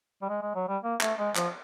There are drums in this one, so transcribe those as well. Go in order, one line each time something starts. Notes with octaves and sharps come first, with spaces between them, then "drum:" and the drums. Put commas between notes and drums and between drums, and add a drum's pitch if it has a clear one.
G3
G#3
G#3
F#3
G3
A#3
A3, drum: clap
G#3
F3, drum: clap